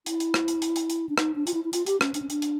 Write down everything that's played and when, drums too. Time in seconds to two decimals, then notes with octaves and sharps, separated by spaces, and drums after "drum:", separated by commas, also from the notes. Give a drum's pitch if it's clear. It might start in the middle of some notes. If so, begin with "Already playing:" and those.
0.06 E4, drum: hi-hat
0.20 drum: hi-hat
0.34 drum: rim click
0.48 drum: hi-hat
0.62 drum: hi-hat
0.76 drum: hi-hat
0.90 drum: hi-hat
1.09 D4
1.18 D#4, drum: rim click
1.35 D4
1.47 F4, drum: hi-hat
1.54 E4
1.65 E4
1.73 F4, drum: hi-hat
1.86 G4, drum: hi-hat
2.01 C#4, drum: rim click
2.14 D4, drum: hi-hat
2.22 C#4
2.30 D4, drum: hi-hat
2.42 drum: hi-hat